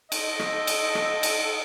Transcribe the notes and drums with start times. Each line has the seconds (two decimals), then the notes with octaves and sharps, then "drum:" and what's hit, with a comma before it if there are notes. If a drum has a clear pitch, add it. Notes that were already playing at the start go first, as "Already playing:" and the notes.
0.12 A4 C5 D#5, drum: cymbal
0.40 drum: rim click
0.67 drum: cymbal
0.95 drum: rim click
1.23 drum: cymbal